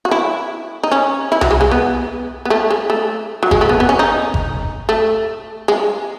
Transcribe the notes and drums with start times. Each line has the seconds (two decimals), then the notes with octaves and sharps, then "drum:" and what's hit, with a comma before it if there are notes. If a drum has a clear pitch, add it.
0.05 F#4
0.11 E4
0.83 D#4
0.91 C#4
1.32 E4
1.41 F#3, drum: tom C2
1.51 G#3
1.61 G#3
1.71 B3
2.45 B3
2.50 A3
2.70 G#3
2.90 A3
3.43 F#3
3.51 G#3, drum: kick G1
3.61 A3
3.69 B3
3.80 B3
3.89 C#4
3.99 D#4
4.34 drum: kick G1
4.89 A3
5.68 G#3